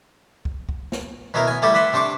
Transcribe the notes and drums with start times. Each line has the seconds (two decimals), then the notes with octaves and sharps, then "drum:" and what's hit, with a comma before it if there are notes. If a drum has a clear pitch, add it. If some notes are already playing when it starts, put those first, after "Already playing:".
0.45 drum: kick
0.69 drum: kick
0.92 drum: snare
1.34 B2 F#3 B3 E4 A#4
1.48 B3 G#5
1.62 G3 A3 E4 G4 A4 D5
1.74 B4 D5 E5 F#5 B5 C6
1.93 C3 D4 C5 C#6 D6